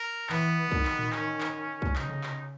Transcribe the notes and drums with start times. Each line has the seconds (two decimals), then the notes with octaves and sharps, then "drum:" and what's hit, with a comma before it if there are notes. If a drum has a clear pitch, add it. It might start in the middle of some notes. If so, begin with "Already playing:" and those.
Already playing: A#4
0.30 E3 B3, drum: clap
0.72 D#3, drum: kick
0.85 drum: clap
0.99 drum: tom A2
1.12 C#4, drum: clap
1.40 drum: clap
1.82 drum: kick
1.96 C#3 D#4, drum: clap
2.10 drum: tom C3
2.23 drum: clap